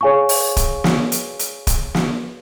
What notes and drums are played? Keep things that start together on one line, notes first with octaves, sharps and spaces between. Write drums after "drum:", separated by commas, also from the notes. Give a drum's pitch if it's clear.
G#4 C#5 F5 G#5 C#6
drum: open hi-hat
drum: kick, hi-hat
drum: snare
drum: hi-hat
drum: hi-hat
drum: kick, hi-hat
drum: snare